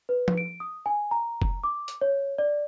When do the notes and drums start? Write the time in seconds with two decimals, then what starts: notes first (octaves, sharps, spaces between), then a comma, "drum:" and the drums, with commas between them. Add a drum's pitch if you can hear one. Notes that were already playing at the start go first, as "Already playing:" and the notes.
0.09 B4
0.28 drum: tom F3
0.38 D7
0.60 D#6
0.86 G#5
1.11 A#5
1.42 drum: kick F1
1.64 D6
1.88 drum: hi-hat
2.01 C#5
2.38 D5